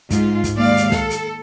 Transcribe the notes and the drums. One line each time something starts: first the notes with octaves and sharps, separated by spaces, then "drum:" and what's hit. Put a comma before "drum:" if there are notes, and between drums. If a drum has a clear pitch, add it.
G#2 F4, drum: kick, hi-hat
drum: kick, hi-hat
D#2 G#3 D5 F5
drum: hi-hat
A4, drum: snare
drum: hi-hat